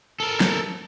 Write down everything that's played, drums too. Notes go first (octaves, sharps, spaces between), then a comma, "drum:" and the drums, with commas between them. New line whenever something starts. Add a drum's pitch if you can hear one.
A4 A#4
drum: snare